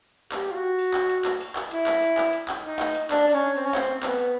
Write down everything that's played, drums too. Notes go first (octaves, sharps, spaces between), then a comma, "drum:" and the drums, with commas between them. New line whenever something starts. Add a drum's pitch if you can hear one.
G4, drum: clap
F4
F#4
drum: open hi-hat
drum: clap
drum: hi-hat
drum: clap
drum: open hi-hat
drum: clap
E4, drum: hi-hat
drum: clap
drum: open hi-hat
drum: clap
drum: hi-hat
drum: clap
D#4
drum: clap
drum: hi-hat
D4, drum: clap
D4, drum: open hi-hat
C#4
C4, drum: hi-hat
C#4
C4, drum: clap
B3, drum: clap
drum: hi-hat